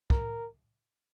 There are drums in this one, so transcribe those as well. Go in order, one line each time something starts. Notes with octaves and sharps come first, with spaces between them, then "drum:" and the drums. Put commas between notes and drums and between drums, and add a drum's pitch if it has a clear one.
A#4, drum: kick